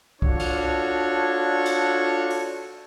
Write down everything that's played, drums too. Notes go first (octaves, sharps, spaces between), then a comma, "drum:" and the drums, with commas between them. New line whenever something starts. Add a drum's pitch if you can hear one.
D4 F4 F#4 A4 C#5, drum: kick C2
drum: cymbal
drum: cymbal
drum: open hi-hat